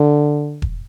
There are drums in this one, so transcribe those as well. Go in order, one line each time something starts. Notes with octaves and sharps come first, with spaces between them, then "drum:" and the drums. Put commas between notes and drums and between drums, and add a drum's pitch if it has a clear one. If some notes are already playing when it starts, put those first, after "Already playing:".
Already playing: D3
drum: kick E1